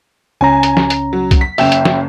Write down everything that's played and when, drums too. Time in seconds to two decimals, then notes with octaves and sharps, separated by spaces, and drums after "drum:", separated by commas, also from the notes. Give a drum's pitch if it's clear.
0.41 C#2 C#4 G#5 A#5
0.63 drum: hi-hat
0.77 drum: snare
0.90 drum: hi-hat
1.13 F#3
1.31 drum: kick C2, hi-hat
1.41 B6
1.58 F#1 F#2 E5 G5 E7, drum: open hi-hat
1.72 drum: hi-hat
1.85 drum: snare